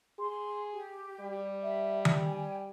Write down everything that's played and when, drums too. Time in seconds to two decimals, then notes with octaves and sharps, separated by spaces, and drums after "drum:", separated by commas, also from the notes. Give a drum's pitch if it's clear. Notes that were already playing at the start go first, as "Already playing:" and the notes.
0.19 G#4 C6
0.73 G4
1.20 G3
1.61 E5
2.05 drum: tom D#3
2.26 G5 G#5